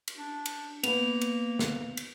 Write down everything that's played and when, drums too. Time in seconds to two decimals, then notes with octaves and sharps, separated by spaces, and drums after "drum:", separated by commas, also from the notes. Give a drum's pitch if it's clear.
0.08 drum: cymbal
0.18 D4
0.46 drum: cymbal
0.83 A#3 B3 B4 F7, drum: cymbal
1.21 drum: cymbal
1.59 drum: snare
1.97 drum: cymbal